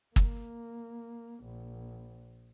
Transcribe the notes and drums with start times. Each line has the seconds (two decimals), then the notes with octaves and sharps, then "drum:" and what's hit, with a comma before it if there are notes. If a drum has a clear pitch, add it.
0.16 A#3, drum: kick
1.44 A#1